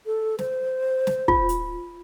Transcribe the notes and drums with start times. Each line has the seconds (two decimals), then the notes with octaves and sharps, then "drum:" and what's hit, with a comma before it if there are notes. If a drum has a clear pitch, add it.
0.06 A4
0.39 C5, drum: snare
1.07 drum: snare
1.28 F4, drum: kick
1.49 drum: hi-hat